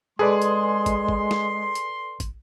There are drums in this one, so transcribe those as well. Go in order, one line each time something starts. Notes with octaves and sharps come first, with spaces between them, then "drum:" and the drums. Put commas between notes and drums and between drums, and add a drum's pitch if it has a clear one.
G#3 G#4 A4 B4 D5 C6
drum: hi-hat
drum: kick, hi-hat
drum: kick
drum: snare
drum: hi-hat
drum: kick, hi-hat